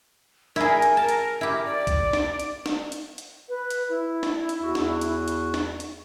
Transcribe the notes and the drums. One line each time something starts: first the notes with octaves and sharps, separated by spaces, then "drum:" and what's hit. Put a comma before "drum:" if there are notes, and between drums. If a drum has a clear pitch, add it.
E4 G#4 A#4, drum: snare
drum: hi-hat
A#4 A5
drum: hi-hat
E4 G4
D5
drum: kick, hi-hat
drum: snare
drum: hi-hat
drum: snare
drum: hi-hat
drum: hi-hat
B4
drum: hi-hat
E4
drum: snare
drum: hi-hat
E2 F#4
drum: snare
drum: hi-hat
drum: hi-hat
drum: snare
drum: hi-hat